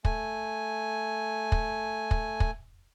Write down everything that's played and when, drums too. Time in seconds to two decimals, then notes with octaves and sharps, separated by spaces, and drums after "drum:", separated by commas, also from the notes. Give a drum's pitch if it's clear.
0.05 A3 G#5, drum: kick
1.52 drum: kick
2.11 drum: kick
2.40 drum: kick